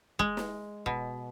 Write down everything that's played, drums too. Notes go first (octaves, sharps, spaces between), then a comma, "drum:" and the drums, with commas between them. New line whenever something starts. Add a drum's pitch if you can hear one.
G#3, drum: kick
drum: snare
B2, drum: kick